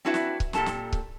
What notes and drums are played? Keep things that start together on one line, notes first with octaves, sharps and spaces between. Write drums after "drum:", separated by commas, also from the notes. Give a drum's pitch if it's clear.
C4 D4 E4 F#4 B4 E5
drum: snare
drum: kick C#1
A#2 G4 A4 A5 A#5, drum: snare
drum: snare
drum: kick C#1